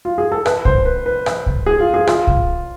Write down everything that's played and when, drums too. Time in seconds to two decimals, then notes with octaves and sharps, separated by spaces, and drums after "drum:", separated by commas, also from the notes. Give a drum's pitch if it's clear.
0.05 F4
0.18 G#4
0.32 A4
0.46 B4, drum: rim click
0.65 C5, drum: kick B1
0.85 B4
1.06 B4
1.26 drum: rim click
1.46 drum: kick B1
1.66 G#4
1.80 F4
1.94 G#4
2.07 F4, drum: rim click
2.27 drum: kick B1